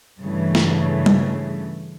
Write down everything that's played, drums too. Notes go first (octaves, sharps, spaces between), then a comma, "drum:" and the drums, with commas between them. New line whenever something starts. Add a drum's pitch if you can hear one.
G2 C#3 E3 A3
drum: snare
drum: tom G3